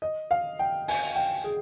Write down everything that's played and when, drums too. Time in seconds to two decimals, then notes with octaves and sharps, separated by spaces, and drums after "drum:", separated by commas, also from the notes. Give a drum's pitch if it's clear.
0.02 D#5
0.31 F5
0.59 G5
0.88 G#5, drum: open hi-hat
1.16 G5
1.44 G#4